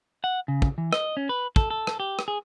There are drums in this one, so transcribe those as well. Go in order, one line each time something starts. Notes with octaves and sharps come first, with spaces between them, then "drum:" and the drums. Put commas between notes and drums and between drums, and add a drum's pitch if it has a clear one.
F#5
C#3
drum: kick
E3
D#5, drum: rim click
C#4
B4
A4, drum: kick
A4
drum: rim click
G4
drum: rim click
G#4